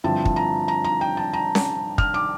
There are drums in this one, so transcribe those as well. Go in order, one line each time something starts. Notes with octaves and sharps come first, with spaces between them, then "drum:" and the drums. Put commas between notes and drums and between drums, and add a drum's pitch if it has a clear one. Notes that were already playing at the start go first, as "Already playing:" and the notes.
G2 D3 F3 C4 E4 A5
drum: kick
A#5
A#5
A#5
G5
A5
A#5
drum: snare C#4
F6, drum: kick
D6